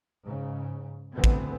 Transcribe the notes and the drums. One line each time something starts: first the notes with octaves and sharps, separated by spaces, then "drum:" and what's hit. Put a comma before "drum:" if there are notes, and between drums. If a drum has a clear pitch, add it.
G#2 C#3
D2 A2 D3 E3 B3 C4
drum: kick